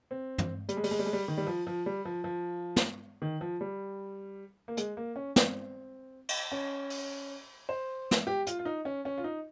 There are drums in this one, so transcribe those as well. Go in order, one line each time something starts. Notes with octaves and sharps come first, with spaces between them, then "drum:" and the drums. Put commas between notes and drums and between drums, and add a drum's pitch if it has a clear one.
C4
drum: tom
G3, drum: hi-hat
G#3
G3, drum: open hi-hat
G#3
G3
G#3
G3
D#3
G3
F3
F3
G3
F3
F3
drum: snare
D#3
F3
G3
A#3
G#3, drum: hi-hat
A#3
C#4
C4, drum: snare
drum: cymbal
C#4
drum: open hi-hat
C5
drum: snare
G4
F4, drum: hi-hat
F4
D#4
C#4
C#4
F4
D#4